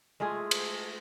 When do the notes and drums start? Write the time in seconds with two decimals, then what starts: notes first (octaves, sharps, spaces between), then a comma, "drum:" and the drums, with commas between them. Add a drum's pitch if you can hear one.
0.20 G#3 A3 F4 G#4
0.51 drum: cymbal